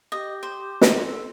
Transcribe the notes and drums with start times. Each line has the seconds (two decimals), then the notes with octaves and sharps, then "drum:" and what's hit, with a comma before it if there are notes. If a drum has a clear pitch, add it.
0.12 G4 D#5
0.43 C5
0.81 drum: snare
1.03 A4